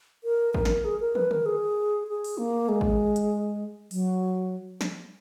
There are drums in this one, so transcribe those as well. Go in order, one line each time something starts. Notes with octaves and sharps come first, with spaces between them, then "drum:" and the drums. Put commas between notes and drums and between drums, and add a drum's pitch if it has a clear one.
A#4
A#4, drum: kick
drum: snare
G#4
A#4
B4, drum: tom
A#4, drum: tom D3
G#4
G#4
drum: open hi-hat
A#3
G#3
drum: kick
drum: hi-hat
F#3, drum: open hi-hat
drum: snare